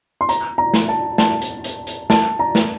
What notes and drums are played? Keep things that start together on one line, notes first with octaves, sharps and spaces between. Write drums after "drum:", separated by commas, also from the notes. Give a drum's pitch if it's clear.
C6
A#5, drum: hi-hat
A#5
drum: snare
A5
A5, drum: snare
drum: hi-hat
drum: hi-hat
drum: hi-hat
A5, drum: snare
A#5
drum: snare